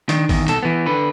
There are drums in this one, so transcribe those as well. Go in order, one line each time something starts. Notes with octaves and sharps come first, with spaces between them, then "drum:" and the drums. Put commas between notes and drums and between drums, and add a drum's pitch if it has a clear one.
D#3 D4, drum: hi-hat
E2 D#3, drum: kick, open hi-hat
B2 A4, drum: hi-hat
E3 B3
D3 B4